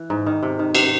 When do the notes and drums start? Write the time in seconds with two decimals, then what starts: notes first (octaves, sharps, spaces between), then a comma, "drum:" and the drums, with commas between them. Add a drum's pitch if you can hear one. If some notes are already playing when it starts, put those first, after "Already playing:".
Already playing: E3
0.10 G#2
0.26 D#3
0.43 C3
0.59 D#3
0.75 C3, drum: cymbal